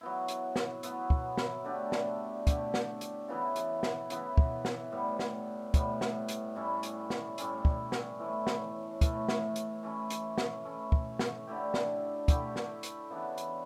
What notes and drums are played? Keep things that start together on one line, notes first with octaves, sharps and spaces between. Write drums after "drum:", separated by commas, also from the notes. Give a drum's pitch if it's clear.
F#3 B3 E4
drum: hi-hat
drum: snare
F#3 B3 E4, drum: hi-hat
drum: kick
drum: snare
D3 A3 D4 G4
drum: snare
D3 A3 D4 G4, drum: kick, hi-hat
drum: snare
drum: hi-hat
C#3 E3 B3 E4
drum: hi-hat
drum: snare
C#3 E3 B3 E4, drum: hi-hat
drum: kick
drum: snare
A2 G3 B3
drum: snare
A2 G3 B3, drum: kick, hi-hat
drum: snare
drum: hi-hat
A2 G3 C#4 E4
drum: hi-hat
drum: snare
A2 G3 C#4 E4, drum: hi-hat
drum: kick
drum: snare
A2 E3 A3
drum: snare
A2 E3 A3, drum: kick, hi-hat
drum: snare
drum: hi-hat
E3 A3 C#4
drum: hi-hat
drum: snare
E3 A3 C#4
drum: kick
drum: snare
D3 A3 E4 G4
drum: snare
D3 A3 E4 G4, drum: kick, hi-hat
drum: snare
drum: hi-hat
C#3 E3 B3 D4
drum: hi-hat